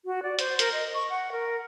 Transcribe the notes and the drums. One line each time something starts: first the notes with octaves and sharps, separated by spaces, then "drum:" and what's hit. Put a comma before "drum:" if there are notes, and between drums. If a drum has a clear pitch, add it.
F#4
D5
C5, drum: hi-hat
A#4, drum: hi-hat
D#5
C#6
F#5
A#4